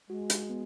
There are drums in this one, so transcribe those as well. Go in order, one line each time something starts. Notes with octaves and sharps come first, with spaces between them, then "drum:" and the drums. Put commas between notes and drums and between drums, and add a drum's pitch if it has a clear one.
G#3 F#4
drum: hi-hat
B3